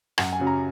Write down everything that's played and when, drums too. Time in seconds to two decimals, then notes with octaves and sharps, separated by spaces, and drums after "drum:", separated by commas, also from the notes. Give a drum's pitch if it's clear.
0.18 F#2 F#5, drum: rim click
0.33 G#5
0.40 C#3 F#3 C#4
0.47 A#5